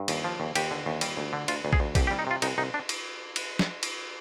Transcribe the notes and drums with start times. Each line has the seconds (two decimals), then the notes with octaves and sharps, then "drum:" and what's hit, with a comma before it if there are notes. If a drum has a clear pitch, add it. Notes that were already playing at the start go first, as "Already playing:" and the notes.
Already playing: G2
0.08 D#2, drum: cymbal
0.24 F3
0.40 D#2
0.55 D#2 G4, drum: cymbal
0.71 D3
0.86 D#2
1.01 G3, drum: cymbal
1.17 D2
1.33 D3
1.48 D2 F4, drum: cymbal
1.65 D2
1.73 G#4, drum: kick
1.80 D2
1.95 C2 G4, drum: kick, cymbal
2.07 G4
2.11 G3
2.19 D#4
2.27 C3 F4
2.42 C2 D#4, drum: cymbal
2.58 C2 D#4
2.74 D4
2.89 drum: cymbal
3.36 drum: cymbal
3.59 drum: snare
3.83 drum: cymbal